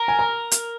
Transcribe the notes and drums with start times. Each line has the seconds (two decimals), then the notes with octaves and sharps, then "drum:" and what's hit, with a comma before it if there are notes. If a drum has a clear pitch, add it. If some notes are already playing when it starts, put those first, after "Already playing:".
Already playing: A#4
0.08 G#5
0.19 A#5
0.51 drum: hi-hat